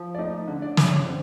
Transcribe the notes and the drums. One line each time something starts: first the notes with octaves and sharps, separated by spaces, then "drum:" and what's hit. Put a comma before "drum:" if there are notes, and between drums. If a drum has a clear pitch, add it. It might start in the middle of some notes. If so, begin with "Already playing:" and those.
Already playing: F3
D5
A3 D#4 D#5
D3
D4 D5
G2, drum: snare
C#4 C#5
D3 C4 C5